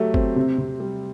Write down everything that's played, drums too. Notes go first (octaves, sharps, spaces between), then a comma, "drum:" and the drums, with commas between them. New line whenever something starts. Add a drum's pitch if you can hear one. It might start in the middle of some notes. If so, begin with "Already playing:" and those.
Already playing: F#3 A3 G4
C4, drum: kick
C3
C3
G3